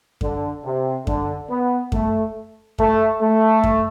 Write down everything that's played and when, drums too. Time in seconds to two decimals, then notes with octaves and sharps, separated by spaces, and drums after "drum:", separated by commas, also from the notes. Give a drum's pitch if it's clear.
0.21 D3, drum: kick F#2
0.63 C3
1.07 D3, drum: kick F#2
1.49 B3
1.92 A3, drum: kick F#2
2.78 A3, drum: kick F#2
3.20 A3
3.64 drum: kick F#2